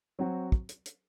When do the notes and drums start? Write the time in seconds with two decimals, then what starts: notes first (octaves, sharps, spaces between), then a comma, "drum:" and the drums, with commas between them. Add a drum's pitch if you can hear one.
0.19 F#3 C4 F#4
0.52 drum: kick
0.69 drum: hi-hat
0.86 drum: hi-hat